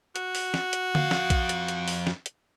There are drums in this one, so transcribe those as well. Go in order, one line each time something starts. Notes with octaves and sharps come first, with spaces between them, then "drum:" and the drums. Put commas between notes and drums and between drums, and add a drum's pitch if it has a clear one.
F#4, drum: hi-hat
drum: open hi-hat
drum: snare
drum: hi-hat
F2 F5, drum: tom D3
drum: snare
drum: kick A#1, hi-hat
drum: hi-hat
drum: hi-hat
drum: open hi-hat
drum: snare
drum: hi-hat